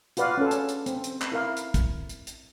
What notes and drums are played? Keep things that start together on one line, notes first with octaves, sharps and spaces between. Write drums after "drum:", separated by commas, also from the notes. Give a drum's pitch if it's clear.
F4 F#4 B4 D5 F5, drum: hi-hat
C#4 A4
drum: hi-hat
drum: hi-hat
C4, drum: hi-hat
drum: hi-hat
drum: clap
E4 A#4 F5
drum: hi-hat
drum: kick, hi-hat
drum: hi-hat
drum: hi-hat